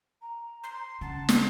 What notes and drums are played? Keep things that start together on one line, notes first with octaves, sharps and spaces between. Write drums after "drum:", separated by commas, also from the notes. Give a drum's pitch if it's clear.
A#5
C6
C#3 F#5 A5
drum: snare